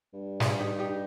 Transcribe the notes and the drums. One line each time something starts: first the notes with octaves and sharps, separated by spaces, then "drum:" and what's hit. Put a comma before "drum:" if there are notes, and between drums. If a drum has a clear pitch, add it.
G2
F4 G#4, drum: snare
D#4 G4
D#4 G4